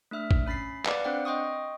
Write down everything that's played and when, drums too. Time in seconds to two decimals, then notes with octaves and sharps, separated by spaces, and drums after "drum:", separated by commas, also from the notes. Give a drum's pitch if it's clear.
0.11 A3 D4 E5 F6
0.31 drum: kick
0.47 C#4 B5 A6 B6 C7
0.86 B4 D5 F5 F#5 D6, drum: clap
1.04 C4 D4 C5 F#5 G5
1.25 D#5 G5 C6 C#6 D#6